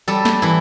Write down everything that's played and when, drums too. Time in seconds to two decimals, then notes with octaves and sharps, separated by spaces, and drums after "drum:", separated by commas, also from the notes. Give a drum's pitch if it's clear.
0.08 G3 A4
0.25 drum: snare
0.42 E3 E4